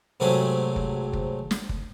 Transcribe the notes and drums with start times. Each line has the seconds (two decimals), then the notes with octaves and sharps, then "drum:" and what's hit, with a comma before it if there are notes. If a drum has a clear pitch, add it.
0.20 G#2 C3 F#3 A3 G#4
0.76 drum: kick
1.13 drum: kick
1.51 drum: snare
1.69 drum: kick